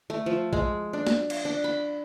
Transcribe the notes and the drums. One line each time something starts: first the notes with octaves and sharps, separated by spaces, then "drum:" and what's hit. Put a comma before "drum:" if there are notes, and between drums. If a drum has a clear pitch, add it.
A3
F3
G#3, drum: kick
D4
drum: snare
drum: cymbal
D4
B5